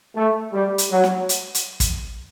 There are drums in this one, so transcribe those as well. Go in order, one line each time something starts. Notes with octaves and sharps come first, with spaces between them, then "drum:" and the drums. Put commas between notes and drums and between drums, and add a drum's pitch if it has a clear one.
A3
G3
drum: hi-hat
F#3
drum: snare
drum: hi-hat
drum: hi-hat
drum: kick, hi-hat